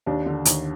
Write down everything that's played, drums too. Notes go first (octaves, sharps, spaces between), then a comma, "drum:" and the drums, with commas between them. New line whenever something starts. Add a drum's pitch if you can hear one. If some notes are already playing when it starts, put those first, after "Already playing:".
D#2 D4
D3
D#2, drum: hi-hat